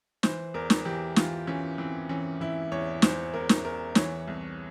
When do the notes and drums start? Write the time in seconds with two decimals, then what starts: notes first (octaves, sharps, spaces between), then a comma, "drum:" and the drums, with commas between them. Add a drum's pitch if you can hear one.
0.23 E3 C5, drum: snare
0.54 E2 A#4
0.70 drum: snare
0.85 E3 G4
1.16 E3 F4, drum: snare
1.47 E3 C#4
1.78 E3 C4
2.09 E3 C#4
2.41 E3 E4
2.72 E2 C#5
3.02 E2 C5, drum: snare
3.34 E2 A#4
3.49 drum: snare
3.65 E2 A#4
3.95 E3 C#5, drum: snare
4.28 C2